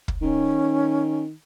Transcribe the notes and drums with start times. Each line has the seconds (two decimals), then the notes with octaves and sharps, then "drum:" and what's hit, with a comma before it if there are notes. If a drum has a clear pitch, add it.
0.08 drum: kick
0.22 D#3 C#4